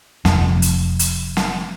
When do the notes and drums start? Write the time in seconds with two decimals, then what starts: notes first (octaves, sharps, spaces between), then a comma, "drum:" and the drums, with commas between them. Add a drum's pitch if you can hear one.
0.25 F1 F2, drum: snare
0.62 drum: hi-hat
0.99 drum: hi-hat
1.37 drum: snare